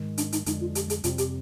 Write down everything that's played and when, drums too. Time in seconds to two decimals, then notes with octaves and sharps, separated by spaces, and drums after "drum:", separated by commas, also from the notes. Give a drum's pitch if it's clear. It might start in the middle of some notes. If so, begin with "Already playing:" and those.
Already playing: G#2 D#3 G#3
0.18 D4, drum: hi-hat
0.32 D#4, drum: hi-hat
0.46 F2 D3 G#3 D4 D#4, drum: hi-hat
0.61 F4
0.75 G4, drum: hi-hat
0.90 G#4, drum: hi-hat
1.04 F2 C3 G3 C4 F4, drum: hi-hat
1.18 G4, drum: hi-hat